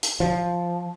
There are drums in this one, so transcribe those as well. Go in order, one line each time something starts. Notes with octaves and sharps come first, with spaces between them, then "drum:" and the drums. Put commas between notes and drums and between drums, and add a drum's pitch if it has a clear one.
drum: hi-hat
F3